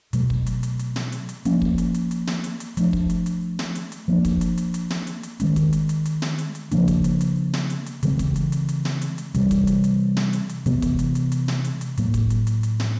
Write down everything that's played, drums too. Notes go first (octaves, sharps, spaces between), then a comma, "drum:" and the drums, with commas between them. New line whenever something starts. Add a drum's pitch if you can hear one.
B2 F#3 A3, drum: hi-hat
drum: kick
drum: hi-hat
drum: hi-hat
drum: hi-hat
drum: snare
drum: hi-hat
drum: hi-hat
F3 A#3 C#4, drum: hi-hat
drum: kick
drum: hi-hat
drum: hi-hat
drum: hi-hat
drum: snare
drum: hi-hat
drum: hi-hat
F3 A3 D4, drum: hi-hat
drum: kick
drum: hi-hat
drum: hi-hat
drum: snare
drum: hi-hat
drum: hi-hat
F3 A#3 D4
drum: kick, hi-hat
drum: hi-hat
drum: hi-hat
drum: hi-hat
drum: snare
drum: hi-hat
drum: hi-hat
D#3 G#3 C#4, drum: hi-hat
drum: kick, hi-hat
drum: hi-hat
drum: hi-hat
drum: hi-hat
drum: snare
drum: hi-hat
drum: hi-hat
C#3 F3 A#3 D4, drum: hi-hat
drum: kick, hi-hat
drum: hi-hat
drum: hi-hat
drum: snare
drum: hi-hat
drum: hi-hat
C#3 E3 G#3 C4, drum: hi-hat
drum: kick, hi-hat
drum: hi-hat
drum: hi-hat
drum: hi-hat
drum: snare
drum: hi-hat
drum: hi-hat
C3 E3 G3 C4, drum: hi-hat
drum: kick, hi-hat
drum: hi-hat
drum: hi-hat
drum: snare
drum: hi-hat
drum: hi-hat
C3 E3 G#3 B3, drum: hi-hat
drum: kick, hi-hat
drum: hi-hat
drum: hi-hat
drum: hi-hat
drum: snare
drum: hi-hat
drum: hi-hat
A2 F#3 A#3, drum: hi-hat
drum: kick, hi-hat
drum: hi-hat
drum: hi-hat
drum: hi-hat
drum: snare